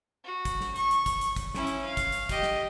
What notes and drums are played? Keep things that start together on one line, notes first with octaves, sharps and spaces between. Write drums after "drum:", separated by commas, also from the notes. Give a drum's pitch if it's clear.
F#4
drum: kick, hi-hat
drum: snare
C#6, drum: hi-hat
drum: hi-hat
drum: kick, hi-hat
drum: hi-hat
drum: kick, hi-hat
C#4 E4, drum: snare
drum: hi-hat
F5
drum: kick, hi-hat
drum: hi-hat
G4 D#5, drum: kick, hi-hat
drum: snare